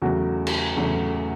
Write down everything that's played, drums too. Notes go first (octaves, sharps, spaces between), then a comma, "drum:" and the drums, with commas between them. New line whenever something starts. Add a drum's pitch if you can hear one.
E2 C#3 F#3 A3 F#4
drum: cymbal
E2 C#3 F#3 A3